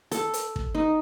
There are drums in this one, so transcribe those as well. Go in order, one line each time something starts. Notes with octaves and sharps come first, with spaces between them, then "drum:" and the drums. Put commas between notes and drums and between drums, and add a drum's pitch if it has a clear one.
A4, drum: hi-hat
drum: hi-hat
drum: kick
D#4